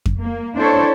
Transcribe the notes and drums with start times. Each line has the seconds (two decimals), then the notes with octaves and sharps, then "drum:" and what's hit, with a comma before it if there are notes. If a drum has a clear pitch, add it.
0.06 drum: kick F2
0.21 A#3
0.57 C4 D4 E4 A4 C5 C#5